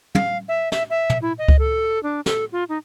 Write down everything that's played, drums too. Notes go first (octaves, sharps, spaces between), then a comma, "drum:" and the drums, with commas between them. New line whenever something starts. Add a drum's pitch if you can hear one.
F5, drum: tom
E5
E5, drum: snare
E5
drum: tom
E4
D#5
drum: kick C#2
A4
D4
A4, drum: snare
F4
D#4